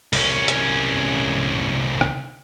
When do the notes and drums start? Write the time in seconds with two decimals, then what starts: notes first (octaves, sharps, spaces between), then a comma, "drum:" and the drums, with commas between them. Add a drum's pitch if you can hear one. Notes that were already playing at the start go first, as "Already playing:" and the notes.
0.13 C2 C#4, drum: open hi-hat
0.48 drum: hi-hat
2.01 drum: rim click